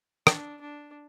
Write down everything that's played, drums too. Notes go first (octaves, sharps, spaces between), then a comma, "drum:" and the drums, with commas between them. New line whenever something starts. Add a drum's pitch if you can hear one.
D4, drum: rim click
D4